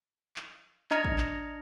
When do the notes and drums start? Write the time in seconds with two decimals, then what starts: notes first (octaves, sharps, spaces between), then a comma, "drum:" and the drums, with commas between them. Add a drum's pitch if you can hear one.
0.36 drum: clap
0.91 D4 D#5 A#5 F6 G#6 C#7, drum: clap
1.04 drum: kick
1.18 drum: clap